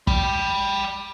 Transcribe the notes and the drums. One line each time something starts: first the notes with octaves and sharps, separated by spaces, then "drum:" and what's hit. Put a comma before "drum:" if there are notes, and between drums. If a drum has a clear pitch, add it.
G5 B5, drum: kick